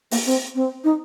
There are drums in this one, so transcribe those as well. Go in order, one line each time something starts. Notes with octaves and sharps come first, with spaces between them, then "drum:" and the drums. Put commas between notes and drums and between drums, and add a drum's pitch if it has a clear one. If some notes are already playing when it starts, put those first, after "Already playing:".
A#3, drum: open hi-hat
C4
C4
D#4